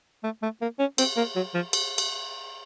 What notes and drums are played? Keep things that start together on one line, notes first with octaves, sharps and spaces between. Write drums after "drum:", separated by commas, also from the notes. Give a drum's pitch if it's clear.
A3
A3
A#3
C#4
C4, drum: cymbal
A#3
F#3
F3
drum: cymbal
drum: cymbal